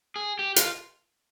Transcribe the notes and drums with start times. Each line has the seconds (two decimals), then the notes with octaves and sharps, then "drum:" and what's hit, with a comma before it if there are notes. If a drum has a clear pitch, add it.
0.16 G#4
0.39 G4
0.56 F4, drum: hi-hat